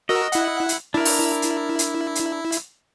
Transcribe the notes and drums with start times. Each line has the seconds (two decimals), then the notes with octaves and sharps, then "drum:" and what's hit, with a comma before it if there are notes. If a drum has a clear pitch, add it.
0.09 F#4 A#4 D#5 E6
0.32 E4 F#5, drum: hi-hat
0.69 drum: hi-hat
0.94 D4 E4 A#4
1.05 drum: open hi-hat
1.42 drum: hi-hat
1.79 drum: hi-hat
2.15 drum: hi-hat
2.52 drum: hi-hat